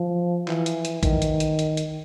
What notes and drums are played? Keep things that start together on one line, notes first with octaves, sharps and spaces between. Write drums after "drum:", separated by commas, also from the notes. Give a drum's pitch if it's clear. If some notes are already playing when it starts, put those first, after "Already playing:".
Already playing: F3
E3, drum: clap
drum: hi-hat
drum: hi-hat
D#3, drum: kick A1, hi-hat
drum: hi-hat
drum: hi-hat
drum: hi-hat
drum: hi-hat